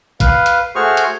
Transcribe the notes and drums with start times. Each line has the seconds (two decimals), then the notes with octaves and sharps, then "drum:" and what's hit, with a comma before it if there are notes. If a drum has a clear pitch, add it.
0.20 B4 F5, drum: kick, hi-hat
0.46 drum: hi-hat
0.75 A3 F#4 G#4 C5 C#6 F6
0.97 drum: hi-hat